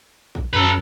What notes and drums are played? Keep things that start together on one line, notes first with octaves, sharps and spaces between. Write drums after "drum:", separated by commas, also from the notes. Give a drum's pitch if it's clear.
drum: kick
F#2 A4 B4